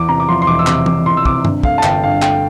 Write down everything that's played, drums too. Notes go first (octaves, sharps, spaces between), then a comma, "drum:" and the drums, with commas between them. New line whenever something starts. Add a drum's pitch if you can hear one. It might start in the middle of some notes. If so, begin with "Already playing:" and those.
Already playing: E2 D6
C3 A#5
D6
F3 C6
C6
E1 D6
E6
C3 D6, drum: clap
E1 D6, drum: tom
E2 C6
E6
C3 D6, drum: kick
G2, drum: tom
A3 F5, drum: kick
A5
G1 G5, drum: clap
G2 F5
A3 G5, drum: clap